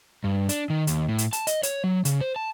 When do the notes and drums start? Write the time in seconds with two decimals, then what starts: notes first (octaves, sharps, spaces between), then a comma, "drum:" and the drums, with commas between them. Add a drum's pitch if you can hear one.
0.24 G2
0.49 D4, drum: hi-hat
0.70 D#3
0.87 D#2, drum: hi-hat
1.09 A2
1.18 drum: hi-hat
1.33 A5, drum: hi-hat
1.47 D#5, drum: hi-hat
1.63 C#5, drum: hi-hat
1.84 F#3
2.05 C#3, drum: hi-hat
2.21 C5
2.36 A5